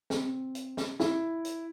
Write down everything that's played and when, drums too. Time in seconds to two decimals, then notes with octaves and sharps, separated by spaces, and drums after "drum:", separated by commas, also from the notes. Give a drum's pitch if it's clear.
0.10 C4, drum: snare
0.55 drum: hi-hat
0.77 drum: snare
1.00 E4, drum: snare
1.45 drum: hi-hat